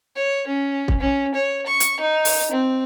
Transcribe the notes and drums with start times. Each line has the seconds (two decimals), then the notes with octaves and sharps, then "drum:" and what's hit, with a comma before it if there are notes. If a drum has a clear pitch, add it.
0.16 C#5
0.47 C#4
0.88 drum: kick
1.00 C#4
1.34 C#5
1.67 C#6
1.80 drum: hi-hat
2.00 D#4
2.25 drum: open hi-hat
2.51 C4